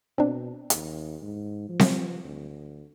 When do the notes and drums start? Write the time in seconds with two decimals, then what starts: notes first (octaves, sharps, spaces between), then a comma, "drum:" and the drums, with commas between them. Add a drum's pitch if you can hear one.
0.18 B2 C4 D4
0.70 D#2, drum: hi-hat
1.23 G#2
1.69 F3
1.79 drum: snare C4
2.25 D2